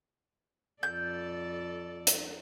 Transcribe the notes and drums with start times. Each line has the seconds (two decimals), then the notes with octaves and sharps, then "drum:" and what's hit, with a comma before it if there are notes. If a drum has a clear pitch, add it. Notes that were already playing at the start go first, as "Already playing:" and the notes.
0.83 F2 A4 D5 G6
2.07 drum: hi-hat